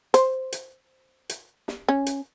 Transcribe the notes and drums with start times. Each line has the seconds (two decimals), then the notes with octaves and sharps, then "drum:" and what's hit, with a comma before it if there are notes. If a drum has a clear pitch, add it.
0.14 C5, drum: hi-hat
0.52 drum: hi-hat
1.29 drum: hi-hat
1.68 drum: snare
1.88 C#4
2.06 drum: hi-hat